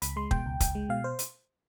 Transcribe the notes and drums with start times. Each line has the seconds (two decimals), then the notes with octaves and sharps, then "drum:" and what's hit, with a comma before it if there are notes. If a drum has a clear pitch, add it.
0.02 C#2 B5, drum: hi-hat
0.16 G#3 C6
0.31 B2 G5, drum: kick
0.46 C#2
0.60 C#2, drum: kick, hi-hat
0.75 G#3
0.89 B2 F5
1.04 C5
1.19 drum: hi-hat